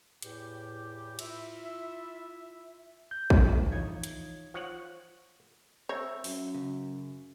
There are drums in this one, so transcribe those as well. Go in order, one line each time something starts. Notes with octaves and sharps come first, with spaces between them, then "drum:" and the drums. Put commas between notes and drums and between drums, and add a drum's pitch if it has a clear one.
E2 A2 G4, drum: hi-hat
E4 F4 E5, drum: cymbal
G6
drum: kick
E3 F3 D#4 C#5 G#6
drum: hi-hat
F3 C#5 F#5
C4 C#5 E5 E6
F#2, drum: open hi-hat
C#3